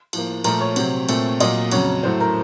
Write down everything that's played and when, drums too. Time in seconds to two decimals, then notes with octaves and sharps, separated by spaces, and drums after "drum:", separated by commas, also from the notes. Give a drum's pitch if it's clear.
0.13 A2 F3 A#3, drum: cymbal
0.44 A#2 F3 A3 A#4, drum: cymbal
0.61 C#5
0.76 C3 F#3 C4, drum: cymbal
1.09 A#2 A3 C4, drum: cymbal
1.40 A#2 F#3 A#3 D#5, drum: cymbal
1.71 F2 C#3 F#3 C#5, drum: cymbal
2.03 A2 F#3 A3 C5
2.20 A#4